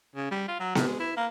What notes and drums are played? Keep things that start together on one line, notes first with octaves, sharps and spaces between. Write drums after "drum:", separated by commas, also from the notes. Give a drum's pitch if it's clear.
C#3
G3
F4
F#3
A2, drum: snare B3
G#3
E4
A#3